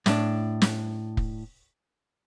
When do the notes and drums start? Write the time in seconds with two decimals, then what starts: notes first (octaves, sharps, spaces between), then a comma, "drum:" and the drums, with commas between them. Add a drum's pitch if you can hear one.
0.06 A2 D4, drum: snare
0.62 drum: snare
1.17 drum: kick